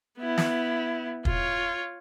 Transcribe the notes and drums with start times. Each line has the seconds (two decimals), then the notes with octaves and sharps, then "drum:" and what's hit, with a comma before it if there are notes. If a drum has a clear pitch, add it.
0.19 B3 E4
0.38 drum: snare
1.25 F4 C#5, drum: kick